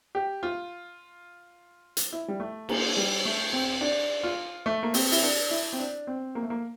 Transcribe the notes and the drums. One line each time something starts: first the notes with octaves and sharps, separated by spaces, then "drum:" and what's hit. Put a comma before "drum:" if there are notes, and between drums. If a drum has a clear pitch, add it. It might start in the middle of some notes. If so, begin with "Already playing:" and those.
G4
F4
drum: hi-hat
E4
G3
A3
A#3, drum: cymbal
G3
A3
C4
D4
F4
A3
A#3
C4, drum: open hi-hat
E4, drum: open hi-hat
D4
E4
C4
D4
C4
A#3
A3
A#3